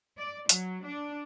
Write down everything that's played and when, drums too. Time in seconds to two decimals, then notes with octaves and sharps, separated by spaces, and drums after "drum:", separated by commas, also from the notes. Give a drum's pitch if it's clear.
0.18 D5
0.49 F#3, drum: hi-hat
0.83 D4